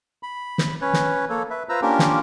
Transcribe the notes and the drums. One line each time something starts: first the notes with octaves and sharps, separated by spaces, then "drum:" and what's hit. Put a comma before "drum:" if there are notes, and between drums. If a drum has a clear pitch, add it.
B5
drum: snare
C#4 B4 C#5
drum: snare
A#3 A4 C#5
B4 E5
F4 B4 C5 A#5 E6
A#3 C#4 D4 F4 G4 A#4
drum: snare